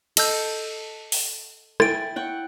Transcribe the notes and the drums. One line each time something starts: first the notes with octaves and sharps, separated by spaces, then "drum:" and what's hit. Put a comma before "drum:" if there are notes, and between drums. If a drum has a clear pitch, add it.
A4 D#5 E6 G6, drum: cymbal
drum: open hi-hat
E4 G5 G#5 A6 D7, drum: rim click
F#5 G5 C#6